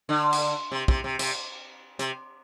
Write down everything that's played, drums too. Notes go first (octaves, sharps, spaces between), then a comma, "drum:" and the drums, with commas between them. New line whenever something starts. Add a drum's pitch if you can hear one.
D3
drum: cymbal
C3
C3, drum: kick
C3
C3, drum: cymbal
C3, drum: hi-hat